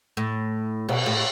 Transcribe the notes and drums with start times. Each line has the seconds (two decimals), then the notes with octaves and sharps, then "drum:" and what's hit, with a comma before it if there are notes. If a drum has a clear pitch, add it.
0.17 A2
0.89 B2, drum: cymbal
1.06 A2